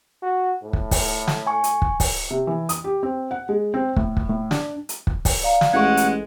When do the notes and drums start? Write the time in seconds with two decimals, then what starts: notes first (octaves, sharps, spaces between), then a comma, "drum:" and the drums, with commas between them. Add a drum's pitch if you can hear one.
0.22 F#4
0.63 A2
0.73 drum: kick
0.91 drum: kick, open hi-hat
1.27 drum: snare
1.47 G#5 C#6
1.64 drum: hi-hat
1.82 drum: kick
2.00 drum: kick, open hi-hat
2.31 C3
2.47 E3
2.69 D#6, drum: hi-hat
2.84 G4
3.03 C4
3.31 F#5
3.49 G#3
3.74 C4
3.96 A2, drum: kick
4.17 drum: kick
4.29 A2
4.51 D4, drum: snare
4.89 drum: hi-hat
5.07 drum: kick
5.25 drum: kick, open hi-hat
5.43 D5 F5 A#5
5.61 drum: snare
5.73 A1 G#3 F#5 C#6 G#6
5.97 drum: hi-hat